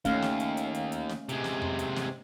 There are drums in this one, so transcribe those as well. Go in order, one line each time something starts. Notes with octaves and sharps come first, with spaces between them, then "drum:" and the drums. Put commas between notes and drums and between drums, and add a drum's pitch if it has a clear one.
D#2 A3 C#4 F5, drum: kick, hi-hat
drum: snare
drum: hi-hat
drum: hi-hat
drum: hi-hat
drum: hi-hat
drum: snare
C3 G#3, drum: hi-hat
drum: snare
drum: tom F2
drum: hi-hat
drum: snare